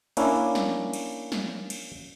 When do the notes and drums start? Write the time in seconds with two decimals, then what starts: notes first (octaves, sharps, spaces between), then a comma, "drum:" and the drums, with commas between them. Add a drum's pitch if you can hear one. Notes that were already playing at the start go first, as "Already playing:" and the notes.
0.17 A#3 C#4 D4 E4, drum: cymbal
0.55 drum: snare
0.93 drum: cymbal
1.32 drum: snare
1.70 drum: cymbal